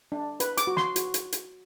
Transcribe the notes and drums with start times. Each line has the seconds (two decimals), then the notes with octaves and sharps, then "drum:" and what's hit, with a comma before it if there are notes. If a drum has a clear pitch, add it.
0.12 D4
0.40 B4, drum: hi-hat
0.57 D6, drum: hi-hat
0.67 F#4
0.77 C6, drum: snare
0.96 F#4, drum: hi-hat
1.14 drum: hi-hat
1.32 drum: hi-hat